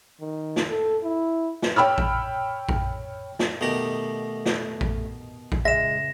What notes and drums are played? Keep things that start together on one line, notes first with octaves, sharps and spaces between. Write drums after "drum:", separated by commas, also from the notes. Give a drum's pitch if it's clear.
D#3
drum: snare
A4
E4
drum: snare
C#5 G5 B5 E6 F6
drum: kick A1
drum: kick A1
drum: snare
B2 D#3 A3 G4 A#6
drum: snare
drum: kick A1
drum: kick A1
C#2 G#3 E5 A#6 E7